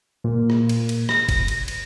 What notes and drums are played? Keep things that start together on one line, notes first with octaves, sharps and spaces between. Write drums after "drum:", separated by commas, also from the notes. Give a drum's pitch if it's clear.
A#2
drum: rim click
drum: cymbal
drum: cymbal
A#6, drum: rim click
drum: kick F#1, cymbal
drum: cymbal
drum: cymbal